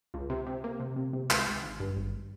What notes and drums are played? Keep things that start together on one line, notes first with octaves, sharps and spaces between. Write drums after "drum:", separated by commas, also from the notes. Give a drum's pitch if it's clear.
C#2
C3
C3
A#3
C3
C3
C3
C#2, drum: clap
G#1
G#1
G2
G#1